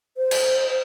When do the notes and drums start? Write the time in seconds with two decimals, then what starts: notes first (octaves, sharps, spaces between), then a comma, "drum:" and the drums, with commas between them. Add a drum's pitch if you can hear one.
0.17 C5
0.31 drum: cymbal